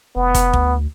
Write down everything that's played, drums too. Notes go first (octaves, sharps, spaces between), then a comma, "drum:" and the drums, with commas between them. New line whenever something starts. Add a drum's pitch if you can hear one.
F1 B3
drum: kick, hi-hat
D2, drum: kick